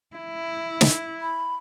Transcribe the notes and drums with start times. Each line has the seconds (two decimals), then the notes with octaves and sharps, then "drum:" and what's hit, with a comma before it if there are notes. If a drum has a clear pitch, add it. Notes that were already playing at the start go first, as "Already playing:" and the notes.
0.16 E4
0.81 drum: snare
1.21 B5